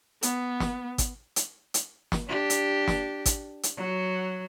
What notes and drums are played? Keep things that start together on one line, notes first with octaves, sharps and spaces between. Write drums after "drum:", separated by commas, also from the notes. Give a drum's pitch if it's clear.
B3, drum: hi-hat
drum: snare
drum: kick, hi-hat
drum: hi-hat
drum: hi-hat
drum: snare
D4 G4
drum: hi-hat
drum: snare
drum: kick, hi-hat
drum: hi-hat
F#3 F#4